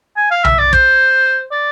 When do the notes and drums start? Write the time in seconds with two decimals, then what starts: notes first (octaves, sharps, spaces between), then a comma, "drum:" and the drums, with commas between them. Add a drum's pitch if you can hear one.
0.17 G#5
0.31 F5
0.44 E5, drum: tom B1
0.59 D5
0.73 C5, drum: kick
1.52 D5